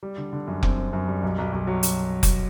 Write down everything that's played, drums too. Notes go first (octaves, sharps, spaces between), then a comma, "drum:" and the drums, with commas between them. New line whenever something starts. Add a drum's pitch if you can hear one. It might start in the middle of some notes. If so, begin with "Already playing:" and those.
G3
D3
D3
F#2
C4, drum: kick F1
C4
F#2
G3
B1
B1
B1
F#3
drum: hi-hat
drum: kick F1, hi-hat